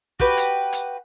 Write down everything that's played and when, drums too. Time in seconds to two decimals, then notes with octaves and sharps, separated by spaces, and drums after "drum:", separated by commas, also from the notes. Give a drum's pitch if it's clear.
0.20 F#4 G4 B4, drum: kick
0.37 drum: hi-hat
0.73 drum: hi-hat